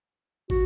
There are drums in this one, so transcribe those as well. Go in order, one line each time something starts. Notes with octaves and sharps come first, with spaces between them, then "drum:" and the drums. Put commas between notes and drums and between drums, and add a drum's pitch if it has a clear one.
F#4, drum: kick